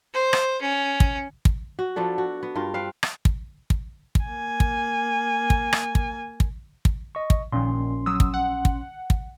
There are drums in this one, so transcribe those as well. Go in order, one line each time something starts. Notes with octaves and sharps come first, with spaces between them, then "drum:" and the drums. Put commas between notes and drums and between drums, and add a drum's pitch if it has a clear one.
C5
drum: rim click
C#4
drum: kick
drum: kick
F#4
F3 B3 D4 A4
F#4
B3
G2 F4 A#4
C4 B4 F5
drum: rim click
drum: kick
drum: kick
drum: kick
A#3 G#5
drum: kick
drum: kick
drum: rim click
drum: kick
drum: kick
drum: kick
D#5 C#6
drum: kick
A#1 A#2 D#3 C#4 C6
F#3 D#6 E6
drum: kick
F#5
drum: kick
drum: kick